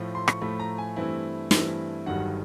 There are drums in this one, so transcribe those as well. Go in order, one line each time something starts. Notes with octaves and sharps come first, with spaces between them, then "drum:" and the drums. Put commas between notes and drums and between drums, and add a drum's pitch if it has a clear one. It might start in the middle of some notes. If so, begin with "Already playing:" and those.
Already playing: A2 F3 A3
C6
C#6, drum: rim click
A2 F3 A3 B5
A#5
G#5
G2 E3 A3 C4 E4
G2 E3 A3 C4 E4, drum: snare
G1 G2 D#3 F#3 F#5